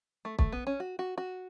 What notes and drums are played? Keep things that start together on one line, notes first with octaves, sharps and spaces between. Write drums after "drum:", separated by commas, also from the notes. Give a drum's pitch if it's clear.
A3
A3, drum: kick
B3
C#4
F#4
F#4
F#4